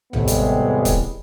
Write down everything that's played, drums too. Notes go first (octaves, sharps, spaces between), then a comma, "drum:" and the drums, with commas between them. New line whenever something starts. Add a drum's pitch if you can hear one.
E2 A2 C3 G3 G#3 B3, drum: tom A1
drum: hi-hat
drum: kick C#1, hi-hat